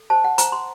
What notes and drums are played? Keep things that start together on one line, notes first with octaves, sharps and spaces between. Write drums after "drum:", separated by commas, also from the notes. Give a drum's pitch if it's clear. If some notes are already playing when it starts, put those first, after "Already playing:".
Already playing: A4
C5 A5
F#5
C5 A#5, drum: hi-hat
C6